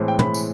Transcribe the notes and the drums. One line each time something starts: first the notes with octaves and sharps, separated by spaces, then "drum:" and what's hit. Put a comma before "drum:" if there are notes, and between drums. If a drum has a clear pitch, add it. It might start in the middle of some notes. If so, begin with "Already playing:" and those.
Already playing: A2 E3 G#3 C4
G5
B5, drum: tom
drum: tambourine